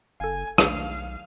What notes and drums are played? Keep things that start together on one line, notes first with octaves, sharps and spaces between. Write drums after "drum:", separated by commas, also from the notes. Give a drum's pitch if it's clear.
F#1 A4 F5 G#5
B1 A3 D4 F5, drum: rim click